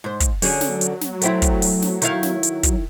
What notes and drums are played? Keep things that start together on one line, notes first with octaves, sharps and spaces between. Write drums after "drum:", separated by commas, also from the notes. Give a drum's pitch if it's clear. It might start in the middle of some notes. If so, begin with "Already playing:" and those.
G#2 C5
drum: kick, hi-hat
D3 F#3 C#4 G#4, drum: open hi-hat
drum: snare
drum: hi-hat
drum: snare
A3 C4 E4, drum: hi-hat
drum: kick, hi-hat
drum: open hi-hat
drum: snare
D#3 E4 F5, drum: hi-hat
drum: snare
drum: hi-hat
drum: kick, hi-hat